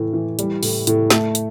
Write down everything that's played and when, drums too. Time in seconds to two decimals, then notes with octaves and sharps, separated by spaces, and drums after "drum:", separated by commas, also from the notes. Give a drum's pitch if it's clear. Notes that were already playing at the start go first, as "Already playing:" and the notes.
Already playing: A2 E3
0.13 E3
0.39 G3, drum: hi-hat
0.63 A2, drum: open hi-hat
0.87 A2, drum: hi-hat
1.10 A3, drum: snare
1.35 drum: hi-hat